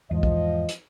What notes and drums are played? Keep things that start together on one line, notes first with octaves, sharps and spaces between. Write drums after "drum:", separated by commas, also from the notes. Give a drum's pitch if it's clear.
E2 G#2 F3 D#5
drum: kick B1
drum: hi-hat